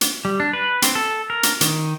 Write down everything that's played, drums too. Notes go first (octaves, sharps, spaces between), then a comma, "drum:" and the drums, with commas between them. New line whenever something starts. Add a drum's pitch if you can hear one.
drum: hi-hat
G3
D4
B4
C4, drum: hi-hat
A4
A#4
drum: hi-hat
D#3, drum: hi-hat